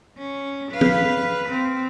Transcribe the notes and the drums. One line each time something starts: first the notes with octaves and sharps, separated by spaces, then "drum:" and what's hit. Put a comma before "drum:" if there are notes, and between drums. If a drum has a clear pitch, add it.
C#4
B4 F5
drum: tom
C4